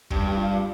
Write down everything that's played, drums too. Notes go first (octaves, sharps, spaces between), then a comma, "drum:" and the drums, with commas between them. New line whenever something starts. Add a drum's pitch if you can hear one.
G2 G4, drum: kick
G4
F4